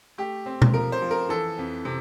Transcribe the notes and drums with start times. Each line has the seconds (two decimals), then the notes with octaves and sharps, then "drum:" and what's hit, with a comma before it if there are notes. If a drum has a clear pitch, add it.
0.18 A3 G4
0.46 C4
0.62 drum: tom B2
0.74 F3 A#4
0.92 C5
1.02 F3
1.11 A#4
1.29 E3 A4
1.58 F2
1.85 C3